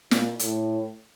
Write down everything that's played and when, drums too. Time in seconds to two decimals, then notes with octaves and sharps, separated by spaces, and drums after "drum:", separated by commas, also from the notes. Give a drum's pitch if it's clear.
0.11 A#2, drum: snare
0.39 A2, drum: hi-hat